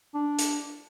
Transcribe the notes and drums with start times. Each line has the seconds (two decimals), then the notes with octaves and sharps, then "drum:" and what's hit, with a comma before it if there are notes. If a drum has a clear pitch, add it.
0.14 D4
0.38 drum: hi-hat